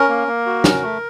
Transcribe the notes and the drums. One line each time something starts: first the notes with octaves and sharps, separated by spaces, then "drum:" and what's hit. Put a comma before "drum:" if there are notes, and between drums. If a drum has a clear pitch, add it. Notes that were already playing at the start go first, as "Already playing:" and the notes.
Already playing: C#4 A#4
A#3
A#3
F#4
C#4, drum: snare
A3